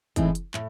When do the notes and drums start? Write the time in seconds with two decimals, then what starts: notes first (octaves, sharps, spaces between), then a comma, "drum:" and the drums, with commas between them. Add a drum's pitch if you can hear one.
0.16 A2 E3 G#3 C4 D#4, drum: kick, hi-hat
0.35 drum: hi-hat
0.54 A2, drum: clap